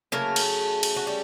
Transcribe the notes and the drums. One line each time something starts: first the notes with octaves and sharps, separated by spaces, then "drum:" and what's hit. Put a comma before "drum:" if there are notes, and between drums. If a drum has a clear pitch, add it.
C#3 F#3 A3 A#3 A#4
drum: cymbal
drum: cymbal
F#4
G3 G4